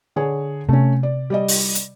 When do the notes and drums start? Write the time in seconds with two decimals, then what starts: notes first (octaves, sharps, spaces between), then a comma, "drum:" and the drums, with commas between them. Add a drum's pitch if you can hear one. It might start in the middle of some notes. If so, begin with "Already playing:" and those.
0.16 D3 G#4 C#5
0.69 C3 A3 C#4
1.03 D5
1.30 G3 D5 D#5
1.48 drum: open hi-hat
1.75 drum: hi-hat